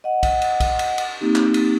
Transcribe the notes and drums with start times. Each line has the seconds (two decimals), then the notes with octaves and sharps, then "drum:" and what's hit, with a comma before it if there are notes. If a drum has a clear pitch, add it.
0.04 D#5 F#5
0.23 drum: kick, cymbal
0.42 drum: cymbal
0.60 drum: kick, cymbal
0.79 drum: cymbal
0.98 drum: cymbal
1.21 A#3 C4 D#4 G4
1.35 drum: clap
1.54 drum: cymbal